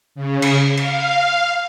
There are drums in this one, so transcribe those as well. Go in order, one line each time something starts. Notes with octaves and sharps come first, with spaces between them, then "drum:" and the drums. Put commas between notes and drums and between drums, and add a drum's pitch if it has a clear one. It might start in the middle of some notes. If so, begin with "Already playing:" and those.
C#3
drum: cymbal
F5, drum: cymbal